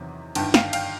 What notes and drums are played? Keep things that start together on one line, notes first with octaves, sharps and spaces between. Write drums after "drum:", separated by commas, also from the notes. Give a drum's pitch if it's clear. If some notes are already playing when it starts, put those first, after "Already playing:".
Already playing: E2 C3 D#3 F#3
G1 G2 D#3 G5 A5, drum: cymbal
F5 G5, drum: snare
F5 G5, drum: cymbal